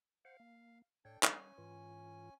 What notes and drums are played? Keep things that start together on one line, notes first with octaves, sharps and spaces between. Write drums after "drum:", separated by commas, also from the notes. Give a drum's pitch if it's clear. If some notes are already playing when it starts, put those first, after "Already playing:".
C5 F5 F#5
A#3
A2 D4 A4 C#5 G5
G3 C#4 G#5, drum: clap
G#2 E3 F4